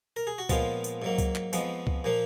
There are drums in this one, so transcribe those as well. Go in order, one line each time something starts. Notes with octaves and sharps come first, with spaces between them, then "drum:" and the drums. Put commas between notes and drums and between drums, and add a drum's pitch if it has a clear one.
A#4
G#4
F#4
A#2 F3 G#3 B3 F4, drum: kick C#2, tambourine
drum: tambourine
G#2 F#3 A#3
drum: kick C#2, tambourine
drum: clap
F2 F3 G#3 B3, drum: tambourine
drum: kick C#2
A#2 F3 A#3